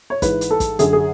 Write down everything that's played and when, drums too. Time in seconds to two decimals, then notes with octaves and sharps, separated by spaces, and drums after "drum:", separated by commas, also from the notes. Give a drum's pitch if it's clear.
0.10 C#5
0.22 G#2 E3 B4, drum: kick, hi-hat
0.41 drum: hi-hat
0.51 A4
0.60 drum: kick, hi-hat
0.79 F#2 D3 G#4, drum: hi-hat
0.93 G#4